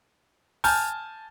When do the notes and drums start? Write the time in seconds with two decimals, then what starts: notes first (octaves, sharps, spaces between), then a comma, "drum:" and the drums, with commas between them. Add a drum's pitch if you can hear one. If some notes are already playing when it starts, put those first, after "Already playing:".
0.64 G#5 A5 F6 G6, drum: open hi-hat